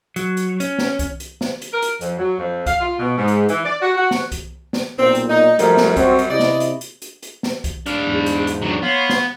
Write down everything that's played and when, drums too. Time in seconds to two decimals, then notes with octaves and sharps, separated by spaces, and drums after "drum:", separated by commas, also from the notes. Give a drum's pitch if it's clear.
0.16 F#3, drum: hi-hat
0.37 drum: hi-hat
0.60 C#4, drum: hi-hat
0.78 drum: snare
0.99 drum: kick C2, hi-hat
1.20 drum: hi-hat
1.41 drum: snare
1.62 drum: hi-hat
1.73 A#4
1.82 drum: hi-hat
2.01 F2, drum: hi-hat
2.18 F#3
2.38 F2
2.66 F5, drum: kick C2, hi-hat
2.81 F4
2.99 B2
3.17 G#2
3.28 drum: hi-hat
3.49 E3, drum: hi-hat
3.64 D5
3.82 F#4
3.96 F#4
4.11 drum: snare
4.32 drum: kick C2, hi-hat
4.73 drum: snare
4.99 B1 A#2 C4
5.15 drum: hi-hat
5.30 D#4
5.59 F#2 F3 G3 A3 A#4, drum: hi-hat
5.77 drum: snare
5.97 C4 F#4, drum: kick C2, hi-hat
6.19 drum: hi-hat
6.30 C3 E4 D5 D#5
6.39 drum: snare
6.60 drum: hi-hat
6.81 drum: hi-hat
7.02 drum: hi-hat
7.23 drum: hi-hat
7.43 drum: snare
7.64 drum: kick C2, hi-hat
7.86 D4 F5, drum: hi-hat
7.99 E2 G#2
8.26 drum: hi-hat
8.47 drum: hi-hat
8.62 F#3 D4
8.82 B3 C#5 F5 C6
9.10 drum: snare